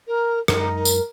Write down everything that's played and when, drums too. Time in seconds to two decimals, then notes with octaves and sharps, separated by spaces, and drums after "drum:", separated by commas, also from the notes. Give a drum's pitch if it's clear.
0.07 A#4
0.48 F#2 G#3 D#4 A#4, drum: rim click
0.85 drum: tambourine